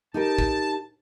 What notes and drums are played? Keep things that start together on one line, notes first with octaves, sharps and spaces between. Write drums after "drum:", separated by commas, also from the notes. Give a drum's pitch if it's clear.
D#4 G4 A#4 A5
drum: kick